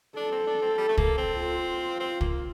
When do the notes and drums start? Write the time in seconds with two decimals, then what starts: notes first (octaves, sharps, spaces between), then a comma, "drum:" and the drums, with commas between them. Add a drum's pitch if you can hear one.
0.16 D4 A4
0.32 C4
0.47 D4
0.62 C4
0.78 G3
0.89 A3
0.98 A#3, drum: kick
1.18 C4
1.38 F4
2.00 C4
2.21 A#3, drum: kick